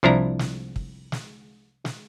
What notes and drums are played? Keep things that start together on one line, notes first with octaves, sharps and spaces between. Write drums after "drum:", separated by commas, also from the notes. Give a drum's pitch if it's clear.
C2 F3 D4 E4 A#5
drum: snare
drum: kick
drum: snare
drum: snare